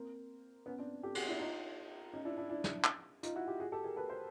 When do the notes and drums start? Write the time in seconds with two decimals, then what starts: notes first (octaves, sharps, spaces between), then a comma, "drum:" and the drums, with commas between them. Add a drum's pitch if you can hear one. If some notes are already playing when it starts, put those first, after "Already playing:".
Already playing: A#3 C4
0.66 B3 C#4
0.78 C4 D4
1.03 G4 A4
1.15 F#4 G#4, drum: cymbal
1.27 D4 E4
1.39 D#4 F4
2.13 C#4 D#4
2.25 D4 E4
2.38 D4 E4
2.49 D4 E4
2.64 drum: snare
2.84 drum: clap
3.23 D#4 F4, drum: hi-hat
3.35 E4 F#4
3.48 F4 G4
3.60 F#4 G#4
3.72 G4 A4
3.84 G#4 A#4
3.96 A4 B4
4.09 A#4 C5